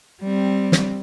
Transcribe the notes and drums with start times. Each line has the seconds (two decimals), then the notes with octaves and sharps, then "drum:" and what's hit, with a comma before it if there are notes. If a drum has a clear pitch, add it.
0.22 G3 C4
0.72 drum: snare